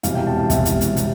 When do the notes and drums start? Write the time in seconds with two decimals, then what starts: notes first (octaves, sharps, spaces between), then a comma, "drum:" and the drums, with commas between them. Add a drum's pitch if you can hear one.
0.03 E1 E2 C3 G3 F5, drum: hi-hat
0.15 G5
0.27 A5
0.38 F5
0.50 E1 E2 C3 G3 E5, drum: kick, hi-hat
0.65 drum: hi-hat
0.81 drum: hi-hat
0.96 C3 G3, drum: hi-hat